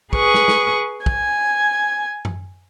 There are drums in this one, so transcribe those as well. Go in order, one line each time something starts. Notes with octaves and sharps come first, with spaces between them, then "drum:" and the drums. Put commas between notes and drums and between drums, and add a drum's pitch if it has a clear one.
G#4 B4 C#6 D#6, drum: kick
drum: snare
drum: snare
G#5 G#6, drum: kick
drum: tom F#2